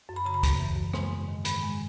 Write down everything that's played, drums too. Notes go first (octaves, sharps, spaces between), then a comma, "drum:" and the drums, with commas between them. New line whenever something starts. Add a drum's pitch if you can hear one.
F#2
B5
C#3 A#5
B5
F#2, drum: kick, hi-hat
E3
F#2
G#3 C6, drum: rim click
G#2
D#3
G#2 B5, drum: hi-hat
G#3